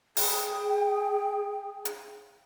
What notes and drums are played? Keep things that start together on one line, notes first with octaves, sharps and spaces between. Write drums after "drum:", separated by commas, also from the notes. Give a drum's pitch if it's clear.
G#4 G5, drum: open hi-hat
drum: hi-hat